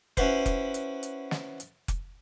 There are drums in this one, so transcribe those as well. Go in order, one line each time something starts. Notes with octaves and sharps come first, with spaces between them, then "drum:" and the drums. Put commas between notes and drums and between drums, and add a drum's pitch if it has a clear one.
C#4 E4 F#4 B4 C5, drum: kick F1, hi-hat
drum: kick F1, hi-hat
drum: hi-hat
drum: hi-hat
drum: snare
drum: hi-hat
drum: kick F1, hi-hat